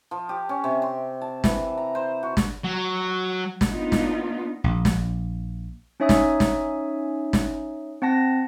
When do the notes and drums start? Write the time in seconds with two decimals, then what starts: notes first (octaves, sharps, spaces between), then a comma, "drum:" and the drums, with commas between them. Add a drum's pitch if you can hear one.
0.11 F3
0.29 G4
0.49 C#4
0.64 C3
0.82 C6
1.21 A5
1.44 E3, drum: snare
1.77 A#5
1.95 C5
2.23 F#4
2.37 drum: snare
2.64 F#3
3.61 drum: snare
3.70 A#3 B3 D4 D#4 F4
3.92 drum: snare
4.64 A#1
4.85 drum: snare
6.00 C#4 D#4 C#5 E5 G#5 D#6
6.09 drum: snare
6.40 drum: snare
7.33 drum: snare
8.02 C4 F#5 A5 A#6